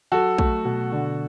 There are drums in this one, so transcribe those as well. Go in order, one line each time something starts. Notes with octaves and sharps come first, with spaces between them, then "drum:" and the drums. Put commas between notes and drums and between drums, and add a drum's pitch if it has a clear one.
F#3 F#4 A4
A3, drum: kick
B2
D3